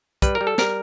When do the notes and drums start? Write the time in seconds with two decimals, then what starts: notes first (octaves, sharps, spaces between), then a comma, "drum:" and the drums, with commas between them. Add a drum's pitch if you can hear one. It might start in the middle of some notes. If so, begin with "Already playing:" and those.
0.22 G3 B4, drum: kick, hi-hat
0.35 A#4
0.41 G3
0.47 A4
0.58 G3 A#4, drum: snare